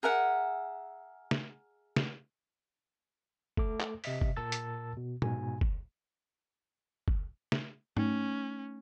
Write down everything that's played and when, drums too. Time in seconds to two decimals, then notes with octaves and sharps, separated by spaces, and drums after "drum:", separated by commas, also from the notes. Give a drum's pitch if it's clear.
0.03 G#4 A#4 E5 F#5
1.31 drum: snare
1.96 drum: snare
3.57 A3 A4 D6, drum: kick
3.80 drum: clap
4.04 C3 D#5 E5 B6, drum: open hi-hat
4.21 drum: kick
4.37 A#2 A#4 A5 E6 A6
4.52 drum: hi-hat
4.97 B2
5.22 G#2 B2 G#5, drum: tom A#2
5.61 drum: kick
7.08 drum: kick
7.52 drum: snare
7.97 A3 C#4 D#4, drum: tom G#2